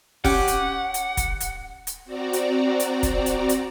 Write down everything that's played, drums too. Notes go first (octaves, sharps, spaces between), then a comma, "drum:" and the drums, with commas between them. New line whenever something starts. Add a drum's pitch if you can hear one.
C#4 G4 F#5, drum: kick, open hi-hat
drum: hi-hat
drum: hi-hat
drum: kick, hi-hat
drum: hi-hat
drum: hi-hat
C4 F#4 D5 A#5
drum: hi-hat
drum: hi-hat
drum: kick, hi-hat
drum: hi-hat
drum: hi-hat